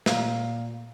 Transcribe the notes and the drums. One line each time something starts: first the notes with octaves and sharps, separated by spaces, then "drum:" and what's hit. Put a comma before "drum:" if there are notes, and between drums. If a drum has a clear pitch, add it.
A#2 F5 A#5, drum: snare